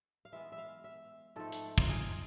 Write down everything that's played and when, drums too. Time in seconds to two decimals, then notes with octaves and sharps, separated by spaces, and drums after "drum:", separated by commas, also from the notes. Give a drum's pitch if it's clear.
0.25 F5
0.32 E3 G#3 B3 E5
0.52 E5
0.58 F5
0.84 E5
1.36 G#2 F3 A3 C4 A4
1.52 drum: hi-hat
1.78 F4, drum: kick
1.89 G#4